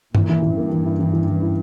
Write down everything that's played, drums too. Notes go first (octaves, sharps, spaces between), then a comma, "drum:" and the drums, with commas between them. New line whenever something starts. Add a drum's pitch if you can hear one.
A#2 E3, drum: tom G2
E3
E3
G2 A#3
E3
E4
E3
E3
E3
E4